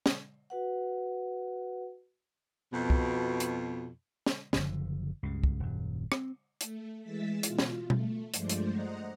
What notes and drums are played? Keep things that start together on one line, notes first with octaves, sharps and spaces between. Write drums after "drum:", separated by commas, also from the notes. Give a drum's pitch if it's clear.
drum: snare
F#4 B4 F#5
F2 B2
drum: kick C2
drum: hi-hat
drum: snare
F#1 D3 F3, drum: snare
C#2 G2 C#3
drum: kick C2
D#1 F#2
C4, drum: rim click
A3, drum: hi-hat
E3 G#3 E5 E6 A6 B6
B2 F4, drum: hi-hat
drum: snare
A3, drum: tom B2
G2 F3 G#3 A3 C5 D5, drum: hi-hat
drum: hi-hat
C5 D#5 F#5 A#5